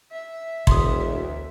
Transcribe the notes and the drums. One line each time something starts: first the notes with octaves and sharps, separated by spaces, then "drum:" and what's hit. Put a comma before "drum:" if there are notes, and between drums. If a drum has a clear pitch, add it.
E5
E1 D2 C6 D#6, drum: kick